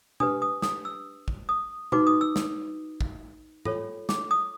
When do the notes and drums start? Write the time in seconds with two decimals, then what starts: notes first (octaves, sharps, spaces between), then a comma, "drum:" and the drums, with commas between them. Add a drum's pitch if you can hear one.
0.20 D4 G4 B4 D#6, drum: tom B2
0.42 D#6
0.62 D#6, drum: snare
0.85 E6
1.28 drum: kick
1.49 D#6
1.92 D#4 F#4 B4 D6, drum: tom B2
2.07 D#6
2.21 E6
2.36 drum: snare
3.01 drum: kick
3.65 F4 A4 C#5, drum: tom G#2
4.09 D6, drum: snare
4.31 D#6